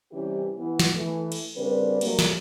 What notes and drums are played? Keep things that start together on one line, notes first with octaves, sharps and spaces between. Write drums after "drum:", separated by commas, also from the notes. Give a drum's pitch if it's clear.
C3 E3 G3 C#4 G4
E3 B3
drum: snare
E3 A3
drum: cymbal
C#3 G3 C4 D4 A#4 B4
C#3 F#3 G3 A3 A#3, drum: cymbal
drum: snare